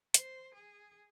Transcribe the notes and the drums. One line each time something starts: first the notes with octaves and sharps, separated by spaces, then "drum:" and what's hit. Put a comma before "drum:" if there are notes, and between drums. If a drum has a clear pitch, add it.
C5, drum: hi-hat
G#4